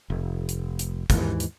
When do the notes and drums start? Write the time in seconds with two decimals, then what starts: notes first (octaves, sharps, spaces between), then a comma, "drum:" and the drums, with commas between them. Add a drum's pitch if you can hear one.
0.10 F1
0.49 drum: hi-hat
0.79 drum: hi-hat
1.10 D#2 G#2 E3, drum: kick, hi-hat
1.40 drum: hi-hat